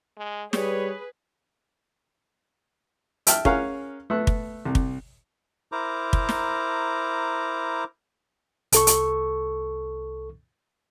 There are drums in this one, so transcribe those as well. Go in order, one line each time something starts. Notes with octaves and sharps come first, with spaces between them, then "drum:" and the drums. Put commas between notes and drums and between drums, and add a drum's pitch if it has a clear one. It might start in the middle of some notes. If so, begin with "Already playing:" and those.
G#3
G3 G#4 B4 C#5, drum: snare
E5 G5 A5 F6, drum: hi-hat
C#4 G#4 A#4 F5 F#5, drum: kick
A3 B3 E6 F#6
drum: kick
C2
drum: kick
E4 A#4 C5 A#5 D6
drum: kick
drum: snare
C2 A4 C#6, drum: hi-hat
drum: hi-hat